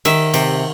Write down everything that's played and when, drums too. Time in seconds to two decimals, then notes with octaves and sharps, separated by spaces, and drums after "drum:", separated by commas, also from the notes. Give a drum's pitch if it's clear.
0.05 D#3 E5, drum: cymbal
0.34 C3, drum: cymbal